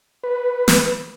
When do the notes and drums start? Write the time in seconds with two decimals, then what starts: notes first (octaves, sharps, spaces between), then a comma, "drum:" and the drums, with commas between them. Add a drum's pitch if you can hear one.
0.24 B4
0.68 drum: snare